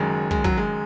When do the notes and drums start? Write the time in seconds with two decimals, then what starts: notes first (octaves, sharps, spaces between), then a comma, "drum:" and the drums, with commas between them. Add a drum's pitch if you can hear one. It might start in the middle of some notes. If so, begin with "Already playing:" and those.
Already playing: F#1 F#2 D#3 G#3
0.31 G#3, drum: kick
0.44 F#3, drum: kick
0.58 G#3